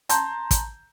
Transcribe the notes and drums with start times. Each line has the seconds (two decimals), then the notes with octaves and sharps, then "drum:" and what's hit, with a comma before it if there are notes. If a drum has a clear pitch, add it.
0.09 A5 A#5 C6 G6, drum: hi-hat
0.51 drum: kick, hi-hat